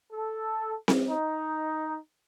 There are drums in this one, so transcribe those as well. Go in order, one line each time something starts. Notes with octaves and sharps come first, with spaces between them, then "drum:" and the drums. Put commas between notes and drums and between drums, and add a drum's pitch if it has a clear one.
A4
drum: snare C4
D#4